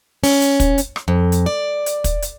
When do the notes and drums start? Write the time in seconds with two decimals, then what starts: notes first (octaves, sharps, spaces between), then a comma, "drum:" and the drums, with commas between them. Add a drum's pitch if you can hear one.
0.24 C#4, drum: open hi-hat
0.42 drum: hi-hat
0.60 drum: kick, hi-hat
0.78 drum: hi-hat
0.96 drum: rim click
1.08 F2
1.32 drum: hi-hat
1.46 D5
1.86 drum: hi-hat
2.04 drum: kick, hi-hat
2.22 drum: hi-hat